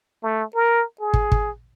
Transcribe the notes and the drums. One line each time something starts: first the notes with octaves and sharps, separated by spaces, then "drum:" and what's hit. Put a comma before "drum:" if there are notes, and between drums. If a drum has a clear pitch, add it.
A3
A#4
G#4
drum: kick
drum: kick